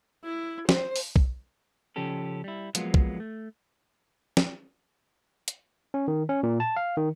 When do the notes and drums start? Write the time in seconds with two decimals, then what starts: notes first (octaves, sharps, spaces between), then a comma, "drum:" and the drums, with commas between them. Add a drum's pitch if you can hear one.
0.25 E4
0.69 C5, drum: snare
0.96 drum: open hi-hat
1.16 drum: kick B1
1.96 C#3 F3 C#4 G4 A4
2.44 G3 E4
2.75 F3 F#3 G#3 A#3 B3 F4, drum: hi-hat
2.94 drum: kick B1
3.20 A3
4.37 drum: snare
5.48 drum: hi-hat
5.94 C#4
6.08 D#3
6.29 C#4
6.43 A#2
6.60 A5
6.77 F5
6.97 D#3